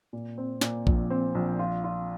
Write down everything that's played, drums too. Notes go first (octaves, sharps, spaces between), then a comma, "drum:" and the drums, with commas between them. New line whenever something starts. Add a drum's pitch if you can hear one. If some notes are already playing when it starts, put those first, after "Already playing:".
A#2
C4
A#2, drum: snare
A#1, drum: kick
C4
A#1
F4
F4